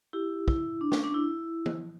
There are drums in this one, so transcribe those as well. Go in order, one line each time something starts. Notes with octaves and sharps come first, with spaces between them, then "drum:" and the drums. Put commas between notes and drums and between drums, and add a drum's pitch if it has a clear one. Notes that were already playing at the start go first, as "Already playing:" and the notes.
E4 G4
E4, drum: kick
D4
C#4, drum: snare
D4
E4
drum: tom